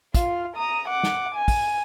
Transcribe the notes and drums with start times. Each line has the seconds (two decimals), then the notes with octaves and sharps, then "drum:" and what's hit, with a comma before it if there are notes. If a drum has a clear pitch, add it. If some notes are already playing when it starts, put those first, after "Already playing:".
0.14 F4 F5, drum: kick, hi-hat
0.56 A#5 D#6
0.88 F#5 D6
1.03 drum: snare
1.35 G#5
1.48 drum: kick, open hi-hat